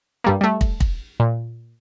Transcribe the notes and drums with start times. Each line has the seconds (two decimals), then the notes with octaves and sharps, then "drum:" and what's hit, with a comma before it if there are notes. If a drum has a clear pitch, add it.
0.24 G2 G3 A#3
0.41 G3 A3
0.61 drum: kick
0.80 drum: kick
1.20 A#2